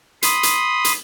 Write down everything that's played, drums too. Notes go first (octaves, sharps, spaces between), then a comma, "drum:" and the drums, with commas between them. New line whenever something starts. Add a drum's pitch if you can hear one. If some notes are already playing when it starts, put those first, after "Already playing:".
B5 C6 D#6, drum: hi-hat
drum: hi-hat
drum: hi-hat